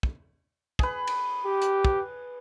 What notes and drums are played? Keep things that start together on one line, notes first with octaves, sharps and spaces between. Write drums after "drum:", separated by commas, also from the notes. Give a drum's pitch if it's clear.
drum: kick
G#4 B4, drum: kick
drum: cymbal
G4
drum: hi-hat
drum: kick